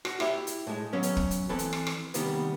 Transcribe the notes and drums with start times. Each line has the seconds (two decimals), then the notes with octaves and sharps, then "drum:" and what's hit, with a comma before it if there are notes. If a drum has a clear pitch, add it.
0.05 F#4, drum: rim click
0.20 E4 G4 E5, drum: rim click
0.47 drum: hi-hat
0.67 A2 G#3
0.93 F#3 B3 C#4
1.03 drum: hi-hat
1.17 drum: kick
1.31 drum: hi-hat
1.49 E3 C4 A4 B4
1.59 drum: hi-hat
1.73 drum: rim click
1.87 drum: rim click
2.14 C3 D#3 G3 A#3 B3, drum: hi-hat